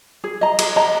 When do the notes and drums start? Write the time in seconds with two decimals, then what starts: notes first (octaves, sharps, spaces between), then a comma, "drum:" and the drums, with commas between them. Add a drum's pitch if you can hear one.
0.24 G#4
0.41 D#5 A#5
0.59 G#4, drum: cymbal
0.76 D#5 A#5